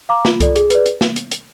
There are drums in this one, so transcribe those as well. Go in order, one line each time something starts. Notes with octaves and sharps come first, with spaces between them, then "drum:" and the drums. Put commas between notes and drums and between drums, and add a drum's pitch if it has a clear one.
F5 A#5 D6
F4, drum: snare
A4 D5, drum: kick C2, hi-hat
G#4, drum: hi-hat
B4 D5, drum: hi-hat
drum: hi-hat
drum: snare
drum: hi-hat
drum: hi-hat